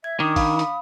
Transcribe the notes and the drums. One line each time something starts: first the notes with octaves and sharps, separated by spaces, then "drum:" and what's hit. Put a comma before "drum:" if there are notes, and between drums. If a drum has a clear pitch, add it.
E5 G#6
D#3 D4 D6 D#6
F5 B5, drum: kick A1, open hi-hat
drum: hi-hat